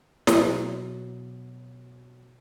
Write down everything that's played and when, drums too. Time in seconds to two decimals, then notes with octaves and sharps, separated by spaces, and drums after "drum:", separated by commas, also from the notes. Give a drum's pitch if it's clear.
0.27 B2 F#3, drum: snare